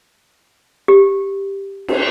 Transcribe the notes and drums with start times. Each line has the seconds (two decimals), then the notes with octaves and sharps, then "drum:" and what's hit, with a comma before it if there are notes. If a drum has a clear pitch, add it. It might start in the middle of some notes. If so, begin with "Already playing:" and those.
0.88 G4
1.88 drum: cymbal